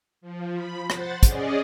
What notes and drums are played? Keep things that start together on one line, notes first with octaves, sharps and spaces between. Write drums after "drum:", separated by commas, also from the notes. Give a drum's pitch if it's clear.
F3
B5
C5 F#5 A6, drum: rim click
C#4 G#4 D5 D#5, drum: kick, hi-hat